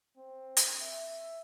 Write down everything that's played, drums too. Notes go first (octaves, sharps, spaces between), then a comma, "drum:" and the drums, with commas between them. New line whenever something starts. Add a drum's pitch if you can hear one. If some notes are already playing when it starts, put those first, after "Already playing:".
C4
drum: hi-hat
E5